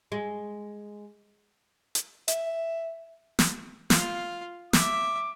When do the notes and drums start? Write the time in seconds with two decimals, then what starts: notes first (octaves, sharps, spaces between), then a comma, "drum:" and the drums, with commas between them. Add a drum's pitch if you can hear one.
0.12 G#3
1.95 drum: hi-hat
2.28 E5, drum: hi-hat
3.39 drum: snare
3.90 F4 F5, drum: snare
4.73 E5 D6, drum: snare